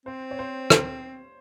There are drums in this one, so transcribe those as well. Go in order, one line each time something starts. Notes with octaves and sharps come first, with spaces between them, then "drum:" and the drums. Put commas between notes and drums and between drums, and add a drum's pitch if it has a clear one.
C4 C5
C#5
C5
C5, drum: rim click